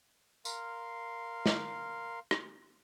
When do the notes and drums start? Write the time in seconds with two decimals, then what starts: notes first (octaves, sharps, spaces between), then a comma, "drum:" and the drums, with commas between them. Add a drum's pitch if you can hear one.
0.45 A#4 F5 C6, drum: tambourine
1.46 drum: snare
2.31 drum: rim click